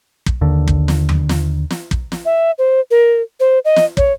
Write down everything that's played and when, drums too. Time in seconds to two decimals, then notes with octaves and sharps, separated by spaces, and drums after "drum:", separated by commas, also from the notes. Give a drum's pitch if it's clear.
0.26 drum: kick
0.41 D#2 D3
0.68 drum: kick
0.88 drum: snare
1.09 drum: tom E2
1.29 drum: snare
1.70 drum: snare
1.91 drum: kick
2.12 drum: snare
2.25 E5
2.58 C5
2.91 A#4
3.40 C5
3.65 D#5
3.76 drum: snare
3.97 C#5, drum: kick